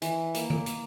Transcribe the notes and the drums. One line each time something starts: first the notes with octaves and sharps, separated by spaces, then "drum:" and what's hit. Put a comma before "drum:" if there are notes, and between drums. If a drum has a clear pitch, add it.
E3, drum: hi-hat
A#3, drum: hi-hat
drum: tom D3
drum: hi-hat